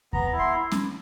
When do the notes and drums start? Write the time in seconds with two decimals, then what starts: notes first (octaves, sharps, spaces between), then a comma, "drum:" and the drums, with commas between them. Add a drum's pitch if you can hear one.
0.13 B3 A#5, drum: kick D#2
0.33 E4
0.39 C6
0.72 drum: snare C#4